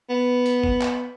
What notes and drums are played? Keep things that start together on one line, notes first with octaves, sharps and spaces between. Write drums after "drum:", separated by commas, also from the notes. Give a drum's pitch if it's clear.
B3
drum: hi-hat
drum: kick
drum: clap